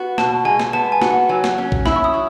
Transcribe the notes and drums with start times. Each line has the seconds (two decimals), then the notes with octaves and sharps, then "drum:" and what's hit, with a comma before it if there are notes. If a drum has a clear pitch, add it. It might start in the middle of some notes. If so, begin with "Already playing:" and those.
Already playing: B3 F#4
0.18 B2 A5, drum: snare
0.45 G#3 G#5
0.60 drum: snare
0.73 B3 A5
0.92 G#5
1.01 F#4, drum: snare
1.11 F#5
1.29 F#3 G#5
1.44 drum: snare
1.58 C#4
1.72 drum: kick
1.86 E4 B5, drum: snare
1.96 C#6
2.04 D#6
2.14 F#3